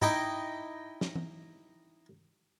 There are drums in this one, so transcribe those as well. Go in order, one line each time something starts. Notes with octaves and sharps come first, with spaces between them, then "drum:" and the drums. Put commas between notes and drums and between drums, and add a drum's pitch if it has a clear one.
D#4 E4 D#5 G5 D6, drum: tom G#2
drum: snare
drum: tom E3